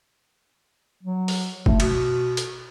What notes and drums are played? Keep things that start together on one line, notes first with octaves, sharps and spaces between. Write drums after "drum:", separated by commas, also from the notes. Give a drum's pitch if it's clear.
F#3
drum: open hi-hat
A3, drum: kick F#1
B2, drum: cymbal
drum: hi-hat